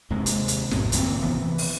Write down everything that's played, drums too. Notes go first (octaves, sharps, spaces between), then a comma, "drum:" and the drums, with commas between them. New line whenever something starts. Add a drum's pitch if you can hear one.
D#2 C3 G#3
drum: hi-hat
drum: hi-hat
A#1 F#2 A2, drum: snare
F#1 D#2 A#2 C4, drum: hi-hat
C3 E3 B3
E3
drum: open hi-hat